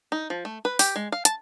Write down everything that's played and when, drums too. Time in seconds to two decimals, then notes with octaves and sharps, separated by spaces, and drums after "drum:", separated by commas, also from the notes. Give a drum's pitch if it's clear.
0.12 D#4
0.30 F3
0.45 A3
0.65 B4
0.79 G4, drum: open hi-hat
0.96 G#3
1.12 F5
1.25 A5, drum: hi-hat